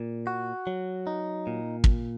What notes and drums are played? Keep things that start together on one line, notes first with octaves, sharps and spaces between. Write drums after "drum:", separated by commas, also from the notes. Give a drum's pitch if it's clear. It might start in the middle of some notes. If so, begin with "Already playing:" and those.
Already playing: A#2
F#4
F#3
D#4
A#2
drum: kick